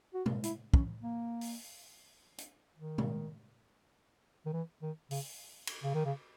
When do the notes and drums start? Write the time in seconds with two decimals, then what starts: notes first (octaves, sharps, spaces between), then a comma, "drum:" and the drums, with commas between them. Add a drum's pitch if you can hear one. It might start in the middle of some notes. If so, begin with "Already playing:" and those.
0.14 F#4
0.26 drum: tom
0.43 E4, drum: hi-hat
0.74 C#4, drum: kick
1.02 A#3
1.41 drum: open hi-hat
2.38 drum: hi-hat
2.77 D#3
2.98 drum: tom
4.46 D#3
4.53 E3
4.82 D#3
5.11 C#3, drum: open hi-hat
5.67 drum: cymbal
5.83 C#3
5.94 D#3
6.05 C#3